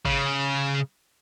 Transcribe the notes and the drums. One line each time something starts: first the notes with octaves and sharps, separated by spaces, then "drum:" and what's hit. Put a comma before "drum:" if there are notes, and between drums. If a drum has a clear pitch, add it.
C#3, drum: kick G#1